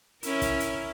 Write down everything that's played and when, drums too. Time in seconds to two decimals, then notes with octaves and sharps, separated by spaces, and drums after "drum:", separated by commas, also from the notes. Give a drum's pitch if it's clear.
0.23 C#4 E4 A#4, drum: hi-hat
0.41 drum: kick, hi-hat
0.60 drum: hi-hat